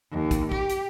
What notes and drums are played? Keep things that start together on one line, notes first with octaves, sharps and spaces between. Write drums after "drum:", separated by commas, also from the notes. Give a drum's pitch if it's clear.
D#2
drum: kick, hi-hat
G4, drum: kick
drum: hi-hat